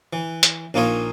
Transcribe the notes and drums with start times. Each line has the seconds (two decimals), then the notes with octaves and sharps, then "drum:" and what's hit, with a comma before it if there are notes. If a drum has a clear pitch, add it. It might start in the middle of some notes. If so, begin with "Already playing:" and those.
0.13 E3
0.43 drum: hi-hat
0.74 A#1 A#3 D#4 F4 C#5 D#5